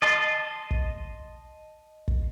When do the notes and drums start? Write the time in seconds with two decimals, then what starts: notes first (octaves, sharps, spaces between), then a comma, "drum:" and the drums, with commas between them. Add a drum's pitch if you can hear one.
0.02 D#5 A5 C6
0.71 drum: kick
2.08 drum: kick